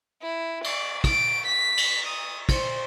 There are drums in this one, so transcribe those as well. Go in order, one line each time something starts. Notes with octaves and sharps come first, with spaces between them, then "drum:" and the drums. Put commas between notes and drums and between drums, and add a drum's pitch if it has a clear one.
E4
D5, drum: cymbal
D7, drum: kick, cymbal
B6
drum: cymbal
D#6
C5, drum: kick, cymbal